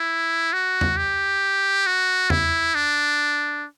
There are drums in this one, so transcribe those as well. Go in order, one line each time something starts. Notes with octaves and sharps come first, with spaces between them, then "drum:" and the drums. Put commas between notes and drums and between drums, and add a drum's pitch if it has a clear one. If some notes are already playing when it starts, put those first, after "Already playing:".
Already playing: E4
F#4
drum: tom E2
G4
F#4
E4, drum: tom E2
D4